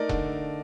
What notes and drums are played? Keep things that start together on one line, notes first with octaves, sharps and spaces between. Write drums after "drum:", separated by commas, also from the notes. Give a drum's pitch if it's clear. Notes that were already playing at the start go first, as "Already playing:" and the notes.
Already playing: A3 D#4 A#4 D5
D3, drum: kick E1